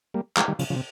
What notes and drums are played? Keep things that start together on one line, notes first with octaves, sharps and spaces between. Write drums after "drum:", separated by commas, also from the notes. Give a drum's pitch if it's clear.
G3 A#3
F3 G#3, drum: clap
D#3 G3
C#3 F3, drum: cymbal
C#3 F3
C3